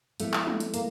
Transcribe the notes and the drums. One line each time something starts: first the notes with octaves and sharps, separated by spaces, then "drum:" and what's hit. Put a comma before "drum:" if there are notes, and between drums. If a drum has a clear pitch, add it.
F3 G#3 A3 B3 E4, drum: hi-hat
drum: clap
drum: tom
drum: hi-hat
A#3, drum: hi-hat